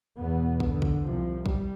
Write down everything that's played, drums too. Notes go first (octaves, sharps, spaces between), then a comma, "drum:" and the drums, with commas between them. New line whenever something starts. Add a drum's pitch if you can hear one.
E2 B2 B3
D3, drum: kick
drum: kick
C2 C3 F3
G3, drum: kick